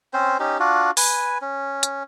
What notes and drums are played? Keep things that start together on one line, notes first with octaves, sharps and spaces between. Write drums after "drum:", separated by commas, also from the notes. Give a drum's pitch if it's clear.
C4 C#4 C5
C#4 D#4 G4
D4 F4 F#4
B4 G#5, drum: open hi-hat
C#4
drum: hi-hat